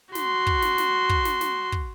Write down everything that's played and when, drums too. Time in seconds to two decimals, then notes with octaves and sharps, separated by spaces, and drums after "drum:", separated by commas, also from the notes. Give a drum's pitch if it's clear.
0.15 F#4 C6, drum: snare
0.47 drum: kick
0.62 drum: snare
0.78 drum: snare
1.09 drum: kick
1.25 drum: snare
1.41 drum: snare
1.72 drum: kick